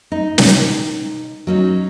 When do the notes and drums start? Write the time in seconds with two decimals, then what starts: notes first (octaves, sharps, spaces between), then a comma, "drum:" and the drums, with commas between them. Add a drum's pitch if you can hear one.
0.12 D#4
0.38 drum: snare
1.47 F#3 C#4 D#4